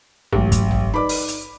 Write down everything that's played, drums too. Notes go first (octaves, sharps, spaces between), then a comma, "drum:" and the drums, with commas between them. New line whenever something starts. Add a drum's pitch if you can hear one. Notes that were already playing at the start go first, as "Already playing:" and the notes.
A1 G#2 F#3, drum: tom
drum: kick, hi-hat
drum: tom
D#4 B4 D5 B5 D6
drum: open hi-hat
drum: hi-hat